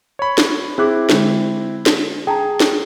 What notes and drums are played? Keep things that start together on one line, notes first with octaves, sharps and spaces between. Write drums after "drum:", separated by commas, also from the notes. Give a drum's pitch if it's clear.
C#5 B5
drum: snare
C4 E4 G#4 D6 F#6
D3 G#3, drum: snare
drum: snare
G#4 G5 A5 A#5
drum: snare